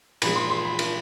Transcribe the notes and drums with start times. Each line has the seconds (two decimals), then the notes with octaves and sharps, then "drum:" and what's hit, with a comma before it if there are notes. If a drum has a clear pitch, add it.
0.22 A#2 F3 G#3 B5, drum: cymbal
0.36 C6
0.50 C6
0.65 B5
0.79 drum: cymbal